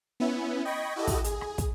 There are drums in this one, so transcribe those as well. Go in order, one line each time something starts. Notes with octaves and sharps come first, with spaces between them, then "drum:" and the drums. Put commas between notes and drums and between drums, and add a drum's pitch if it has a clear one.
B3 C#4 E4
D#5 G5 B5 C#6 G#6 A#6
E4 F#4 G4 A4 D#5
drum: kick, open hi-hat
G#4, drum: hi-hat
drum: rim click
drum: kick, hi-hat